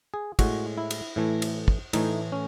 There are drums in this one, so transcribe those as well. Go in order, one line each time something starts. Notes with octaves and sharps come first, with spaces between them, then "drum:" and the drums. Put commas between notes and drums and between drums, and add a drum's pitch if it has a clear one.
G#4
A2 G#3 F#4, drum: kick, cymbal
E4
drum: cymbal
A2 E3 A3
drum: cymbal
drum: kick
A2 E3 A3 D#4, drum: cymbal
C#4